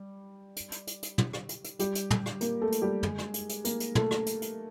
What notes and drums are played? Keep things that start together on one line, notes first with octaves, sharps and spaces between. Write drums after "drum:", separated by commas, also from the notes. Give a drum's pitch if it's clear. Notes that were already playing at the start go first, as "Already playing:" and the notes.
Already playing: G3
drum: hi-hat
drum: hi-hat
drum: hi-hat
drum: hi-hat
drum: tom
drum: rim click
drum: hi-hat
drum: hi-hat
G3 G4, drum: hi-hat
drum: hi-hat
drum: tom
drum: rim click
A#3 A#4, drum: hi-hat
A3 A4
drum: hi-hat
G3 G4
G#3 G#4, drum: tom
drum: rim click
drum: hi-hat
drum: hi-hat
A#3 A#4, drum: hi-hat
drum: hi-hat
A3 A4, drum: tom
drum: rim click
drum: hi-hat
drum: hi-hat